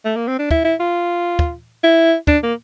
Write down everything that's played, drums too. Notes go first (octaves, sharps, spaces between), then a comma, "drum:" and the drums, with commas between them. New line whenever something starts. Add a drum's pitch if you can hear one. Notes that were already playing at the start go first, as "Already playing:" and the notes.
A3
A#3
C4
D4
E4, drum: kick
E4
F4
drum: kick
E4
D4, drum: kick
A#3